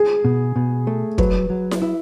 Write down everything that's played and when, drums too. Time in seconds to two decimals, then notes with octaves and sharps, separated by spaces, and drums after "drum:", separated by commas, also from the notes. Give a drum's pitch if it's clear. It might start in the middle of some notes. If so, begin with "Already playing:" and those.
Already playing: G#4
0.25 B2
0.56 B2
0.87 A3
1.18 F#3 B4, drum: kick
1.50 F#3
1.71 drum: snare E4
1.82 E4